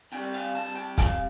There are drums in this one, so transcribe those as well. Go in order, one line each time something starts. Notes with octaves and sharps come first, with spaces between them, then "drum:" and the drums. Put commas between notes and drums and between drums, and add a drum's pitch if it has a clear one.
C3 G3 G5
F5
A5
G5
F5, drum: kick, hi-hat